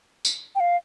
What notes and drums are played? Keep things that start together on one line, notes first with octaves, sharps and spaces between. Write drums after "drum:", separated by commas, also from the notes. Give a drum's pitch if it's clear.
drum: tambourine
G5
F5